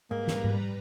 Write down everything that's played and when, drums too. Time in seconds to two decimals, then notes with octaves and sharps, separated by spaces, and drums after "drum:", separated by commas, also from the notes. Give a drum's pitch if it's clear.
0.11 G#2 G3 A#3 B4 A#5
0.28 drum: snare
0.44 drum: tom G#2